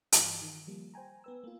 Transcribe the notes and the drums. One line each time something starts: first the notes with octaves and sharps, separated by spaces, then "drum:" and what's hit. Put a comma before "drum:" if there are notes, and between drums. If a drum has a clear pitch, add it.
G2 E3, drum: hi-hat
D#3
F3 G3 A#3
C5 G5 G#5 A#5
B3 B4 E6
A#3 F4